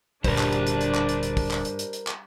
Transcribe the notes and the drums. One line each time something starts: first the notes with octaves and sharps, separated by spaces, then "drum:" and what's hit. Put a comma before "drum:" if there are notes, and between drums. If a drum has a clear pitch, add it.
D#1 G2 D3 D4 A#4 C5, drum: kick, open hi-hat
drum: clap
drum: hi-hat
drum: hi-hat
drum: hi-hat
drum: clap
drum: hi-hat
drum: hi-hat
drum: kick, open hi-hat
drum: clap
drum: hi-hat
drum: hi-hat
drum: hi-hat
drum: clap